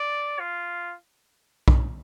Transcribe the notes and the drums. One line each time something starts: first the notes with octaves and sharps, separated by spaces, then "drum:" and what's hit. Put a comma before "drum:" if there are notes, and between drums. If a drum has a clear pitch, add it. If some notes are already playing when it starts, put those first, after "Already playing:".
Already playing: D5
F4
drum: kick B1